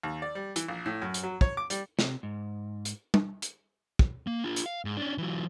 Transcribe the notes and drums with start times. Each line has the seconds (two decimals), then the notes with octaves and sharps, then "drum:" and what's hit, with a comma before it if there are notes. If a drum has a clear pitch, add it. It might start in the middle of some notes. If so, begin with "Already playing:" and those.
0.03 D#2
0.22 D5
0.35 G3
0.56 E3, drum: hi-hat
0.68 A#1
0.86 A2
1.02 F#2
1.14 drum: hi-hat
1.24 F#3
1.41 C#5, drum: kick
1.57 D6
1.70 G3, drum: hi-hat
1.99 C3, drum: snare
2.23 G#2
2.85 drum: hi-hat
3.14 drum: tom
3.42 drum: hi-hat
3.99 drum: kick
4.27 A#3
4.44 D4 F4
4.56 drum: hi-hat
4.66 F5
4.85 G#2
4.97 C#4 D4
5.18 E3 F#3